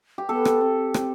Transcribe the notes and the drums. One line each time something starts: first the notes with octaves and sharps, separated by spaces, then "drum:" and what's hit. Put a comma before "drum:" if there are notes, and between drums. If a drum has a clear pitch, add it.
G4
B3 A4
drum: rim click
C4
drum: rim click